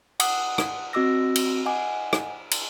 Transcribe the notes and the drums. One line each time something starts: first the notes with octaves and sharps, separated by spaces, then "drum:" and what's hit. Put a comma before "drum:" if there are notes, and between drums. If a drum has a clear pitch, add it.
F#5 D6 D#6, drum: cymbal
drum: rim click
C4 F#4 D#5 D6 E6 A#6
drum: cymbal
D#5 F#5 G#5 D6
drum: rim click
drum: cymbal